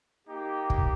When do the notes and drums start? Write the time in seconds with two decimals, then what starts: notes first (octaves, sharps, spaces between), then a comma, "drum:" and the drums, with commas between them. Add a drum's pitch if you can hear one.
0.27 A#3 D#4 G4
0.70 drum: kick